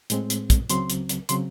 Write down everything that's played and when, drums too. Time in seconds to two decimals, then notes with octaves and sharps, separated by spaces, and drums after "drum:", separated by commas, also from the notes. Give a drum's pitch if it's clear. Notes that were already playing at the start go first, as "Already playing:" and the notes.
0.10 A2 G#3 C4, drum: hi-hat
0.30 drum: hi-hat
0.50 drum: kick, hi-hat
0.70 C#2 C#3 F#3 C4 C6, drum: hi-hat
0.90 drum: hi-hat
1.09 drum: hi-hat
1.29 C#3 F#3 C4 C6, drum: hi-hat